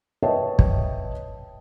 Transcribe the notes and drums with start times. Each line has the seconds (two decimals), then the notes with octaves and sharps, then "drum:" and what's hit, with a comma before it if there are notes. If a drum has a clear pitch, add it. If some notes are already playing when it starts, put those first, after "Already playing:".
0.22 B4 C#5 D#5 E5 G5 A5
0.59 drum: kick